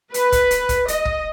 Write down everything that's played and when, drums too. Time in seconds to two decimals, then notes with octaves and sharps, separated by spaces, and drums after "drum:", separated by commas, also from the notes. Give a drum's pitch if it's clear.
0.14 B4, drum: hi-hat
0.32 drum: kick, hi-hat
0.51 drum: hi-hat
0.69 drum: kick, hi-hat
0.88 D#5, drum: hi-hat
1.05 drum: kick